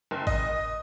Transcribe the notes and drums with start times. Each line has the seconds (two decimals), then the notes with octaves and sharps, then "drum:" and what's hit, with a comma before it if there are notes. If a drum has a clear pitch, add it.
0.11 F#1
0.27 D#5, drum: kick G#1